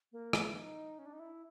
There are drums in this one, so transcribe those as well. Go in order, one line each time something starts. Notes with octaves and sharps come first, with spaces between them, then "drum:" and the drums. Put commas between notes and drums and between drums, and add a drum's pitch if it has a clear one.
A#3
B3, drum: rim click
E4
D#4
C#4
D4
D#4
E4